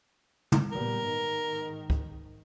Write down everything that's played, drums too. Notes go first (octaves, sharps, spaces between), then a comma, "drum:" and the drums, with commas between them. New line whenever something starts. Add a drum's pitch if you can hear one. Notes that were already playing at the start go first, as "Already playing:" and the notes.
drum: tom
A#2 G3 B3 A#4
G#2 D#3
drum: kick C#2